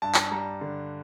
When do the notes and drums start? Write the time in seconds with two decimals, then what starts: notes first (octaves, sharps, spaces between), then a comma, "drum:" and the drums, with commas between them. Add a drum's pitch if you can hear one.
0.02 G2 A5
0.14 drum: clap
0.31 G3 A#5
0.61 D3